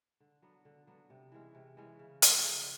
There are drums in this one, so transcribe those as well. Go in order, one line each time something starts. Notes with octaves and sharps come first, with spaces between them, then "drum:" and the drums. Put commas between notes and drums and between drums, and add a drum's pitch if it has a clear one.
D3
F#3 B3 D4
D3
F#3 B3 D4
C3
E3 G#3 C#4
C3
E3 G#3 C#4
C#3
F3 A3, drum: hi-hat
C#3